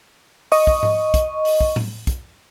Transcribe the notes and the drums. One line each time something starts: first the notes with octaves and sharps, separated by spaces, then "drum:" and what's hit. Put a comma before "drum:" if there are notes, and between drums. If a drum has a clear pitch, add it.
D#5 C#6, drum: open hi-hat
drum: kick
drum: tom G#2
drum: kick, hi-hat
drum: open hi-hat
drum: kick
drum: tom A2
drum: kick, hi-hat